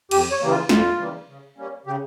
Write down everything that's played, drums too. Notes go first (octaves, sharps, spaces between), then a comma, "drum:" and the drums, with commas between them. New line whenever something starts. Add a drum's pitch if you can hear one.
F2 G4, drum: cymbal
C#5
C#3 E3 G3 A#3
F4
F2 F4, drum: snare
C#3 E3 G3 A#3
C#3
G3 A#3 C#4
C#3 G4